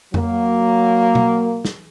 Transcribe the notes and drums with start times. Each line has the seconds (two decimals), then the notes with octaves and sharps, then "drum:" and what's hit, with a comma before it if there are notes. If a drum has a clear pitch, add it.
0.14 F#3 A#3, drum: tom F2
1.15 drum: tom B2
1.65 drum: snare